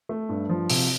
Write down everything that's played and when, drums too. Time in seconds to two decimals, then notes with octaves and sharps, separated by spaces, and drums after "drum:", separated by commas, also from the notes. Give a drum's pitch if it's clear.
0.09 A3
0.29 G2
0.49 F3
0.70 C3, drum: open hi-hat